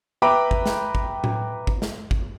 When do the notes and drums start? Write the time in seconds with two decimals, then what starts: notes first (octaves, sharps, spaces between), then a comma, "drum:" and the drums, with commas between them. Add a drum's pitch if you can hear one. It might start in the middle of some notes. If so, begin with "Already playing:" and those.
0.22 B4 E5 G5 A#5 B5 D6
0.51 drum: kick
0.66 drum: snare
0.95 drum: kick
1.24 drum: tom A2
1.67 drum: kick
1.82 drum: snare
2.11 drum: kick